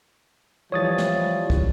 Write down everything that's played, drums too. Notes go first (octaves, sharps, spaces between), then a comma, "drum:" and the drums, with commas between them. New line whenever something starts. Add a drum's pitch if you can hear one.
E3 F3 G3 C#5 D#6 A6
drum: snare
drum: kick